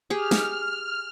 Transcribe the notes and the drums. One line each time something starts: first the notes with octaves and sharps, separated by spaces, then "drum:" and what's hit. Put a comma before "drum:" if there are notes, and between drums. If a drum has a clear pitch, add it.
G4 G#4 F6
drum: snare